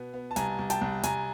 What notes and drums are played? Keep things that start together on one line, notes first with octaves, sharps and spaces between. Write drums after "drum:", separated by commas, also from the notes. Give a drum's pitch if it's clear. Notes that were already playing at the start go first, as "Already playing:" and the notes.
Already playing: B2 B3
B3
A5
C2 G#5 A#5, drum: hi-hat
C2
G5 A5, drum: hi-hat
C2
C2 G#5 A#5, drum: hi-hat